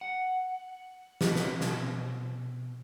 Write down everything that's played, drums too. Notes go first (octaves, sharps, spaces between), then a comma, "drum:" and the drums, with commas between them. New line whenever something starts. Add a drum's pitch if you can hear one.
F#5
drum: snare
drum: snare
B2, drum: snare